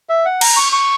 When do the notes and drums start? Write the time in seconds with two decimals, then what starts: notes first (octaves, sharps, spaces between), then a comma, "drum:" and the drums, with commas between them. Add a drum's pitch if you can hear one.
0.09 E5
0.25 F#5
0.41 A#5, drum: cymbal
0.57 C#6
0.73 C#6